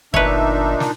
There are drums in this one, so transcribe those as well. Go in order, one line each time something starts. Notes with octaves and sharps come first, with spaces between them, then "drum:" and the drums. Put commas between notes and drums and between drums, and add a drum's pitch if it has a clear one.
G1 A#2 D4 D#4 B4 C#5 E5, drum: kick
drum: snare